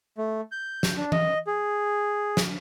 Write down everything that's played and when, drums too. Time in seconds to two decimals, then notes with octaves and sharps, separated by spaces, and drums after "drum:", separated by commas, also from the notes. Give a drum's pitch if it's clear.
0.18 A3
0.52 G6
0.83 drum: snare
0.97 D4
1.12 D#5, drum: tom E3
1.47 G#4
2.37 drum: snare